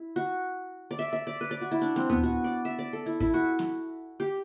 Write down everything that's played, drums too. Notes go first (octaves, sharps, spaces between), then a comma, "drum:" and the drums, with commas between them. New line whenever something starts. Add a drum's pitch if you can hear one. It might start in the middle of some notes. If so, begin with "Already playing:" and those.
Already playing: E4
F#4
D5
E5
E5
D5
B4
D5
F#4
E4
D4
C4, drum: snare
B3, drum: tom D2
F#4
D5
E5
D5
A4
E4
E4, drum: kick
F#4
drum: snare
G4